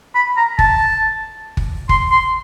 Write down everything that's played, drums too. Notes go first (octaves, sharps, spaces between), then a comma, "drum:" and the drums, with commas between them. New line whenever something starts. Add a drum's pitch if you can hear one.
B5
A#5
A5, drum: kick G1
drum: kick G1
C6, drum: kick G1
C6